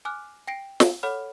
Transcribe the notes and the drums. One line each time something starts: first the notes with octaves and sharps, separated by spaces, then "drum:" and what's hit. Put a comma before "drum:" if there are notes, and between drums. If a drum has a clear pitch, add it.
G#5 D6 F6 F#6
G5 A#6 C7 D7
drum: snare
A4 C#5 F#5 B5 F6